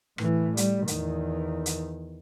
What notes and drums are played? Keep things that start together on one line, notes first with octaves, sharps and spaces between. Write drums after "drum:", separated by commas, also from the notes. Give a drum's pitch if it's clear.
A2 E3, drum: rim click
G3, drum: hi-hat
E2 D#3, drum: hi-hat
drum: hi-hat